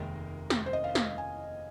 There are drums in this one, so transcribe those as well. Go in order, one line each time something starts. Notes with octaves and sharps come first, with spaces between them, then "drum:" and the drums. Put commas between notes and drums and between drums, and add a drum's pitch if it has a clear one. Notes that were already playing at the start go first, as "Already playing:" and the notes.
Already playing: F1 D#2 D#3 G#3 D#4 A#4
drum: snare
C5
D#5
F5
F5, drum: snare
G#5